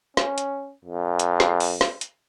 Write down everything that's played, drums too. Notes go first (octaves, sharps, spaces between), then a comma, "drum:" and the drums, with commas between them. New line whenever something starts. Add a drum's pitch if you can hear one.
C#4, drum: snare
drum: hi-hat
F2
drum: hi-hat
drum: snare
drum: open hi-hat
drum: snare
drum: hi-hat